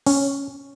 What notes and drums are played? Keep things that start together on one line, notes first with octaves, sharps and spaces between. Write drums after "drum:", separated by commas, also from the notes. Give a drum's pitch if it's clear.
C#4, drum: open hi-hat